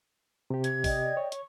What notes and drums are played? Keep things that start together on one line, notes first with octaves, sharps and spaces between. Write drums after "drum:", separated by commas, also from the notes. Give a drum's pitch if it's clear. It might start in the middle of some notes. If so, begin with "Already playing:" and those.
C3 G4
G#6, drum: hi-hat
D5 D#5 G5, drum: kick, open hi-hat
C#5
C#6, drum: hi-hat